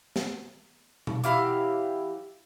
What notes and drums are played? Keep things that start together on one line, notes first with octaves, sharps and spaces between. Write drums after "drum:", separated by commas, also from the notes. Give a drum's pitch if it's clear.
drum: snare
drum: tom B2
E3 F#3 E4 G4 F5 D6, drum: hi-hat